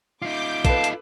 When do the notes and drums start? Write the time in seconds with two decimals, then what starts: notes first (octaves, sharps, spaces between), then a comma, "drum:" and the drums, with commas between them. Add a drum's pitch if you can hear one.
0.22 D#4 F4 D6 G6
0.65 A4 B4 F5 A5, drum: kick, hi-hat
0.84 drum: hi-hat